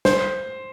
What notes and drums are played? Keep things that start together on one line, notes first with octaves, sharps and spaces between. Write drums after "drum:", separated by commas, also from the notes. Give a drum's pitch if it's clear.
C5, drum: snare